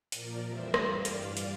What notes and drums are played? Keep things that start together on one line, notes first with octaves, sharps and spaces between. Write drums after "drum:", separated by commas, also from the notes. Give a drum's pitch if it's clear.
A#2 F3 A#4 D5, drum: hi-hat
F2 E3 G3 C5 E5
A2 G3 D5 F5, drum: rim click
G2 E3 G3, drum: hi-hat
drum: hi-hat